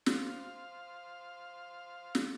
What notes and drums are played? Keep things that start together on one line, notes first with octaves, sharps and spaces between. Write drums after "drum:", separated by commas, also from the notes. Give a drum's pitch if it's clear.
C5 F5, drum: snare
drum: snare